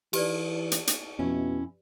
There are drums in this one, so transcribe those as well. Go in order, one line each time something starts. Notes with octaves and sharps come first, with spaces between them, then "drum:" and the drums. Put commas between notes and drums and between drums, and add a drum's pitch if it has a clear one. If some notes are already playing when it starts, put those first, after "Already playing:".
E3 G4 B4 D5, drum: cymbal
drum: hi-hat
drum: hi-hat
F2 B2 C#4 E4